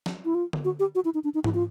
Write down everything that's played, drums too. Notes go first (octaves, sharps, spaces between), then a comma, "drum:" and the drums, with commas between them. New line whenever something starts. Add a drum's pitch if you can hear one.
drum: snare
E4
F4
drum: tom D3
F#4
G4
F#4
E4
D#4
D4
D#4
E4, drum: tom G#2
F4